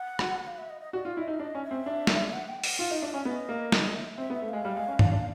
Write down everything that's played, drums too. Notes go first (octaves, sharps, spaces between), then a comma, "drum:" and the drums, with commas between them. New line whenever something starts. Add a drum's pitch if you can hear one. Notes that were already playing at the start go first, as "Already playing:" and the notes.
Already playing: F#5
drum: rim click
F5
E5
D#5
D#5
F#4 D5
F4
E4 D#5
D#4
E5
D4 D#5
C#4
E5
C4
D4
drum: snare
F#5
G5
F#5, drum: open hi-hat
F4 F5
D#4
F5
D4 E5
C#4
B3 D#5
A#3
D#5, drum: snare
E5
C4 E5
B3
E5
A3
G#3 F5
G3
G#3
C#4
D4, drum: tom
D4